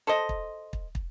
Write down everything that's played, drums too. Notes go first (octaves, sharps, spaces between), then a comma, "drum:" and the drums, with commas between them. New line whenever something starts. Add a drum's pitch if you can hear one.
A4 C5 D#5
drum: kick
drum: kick
drum: kick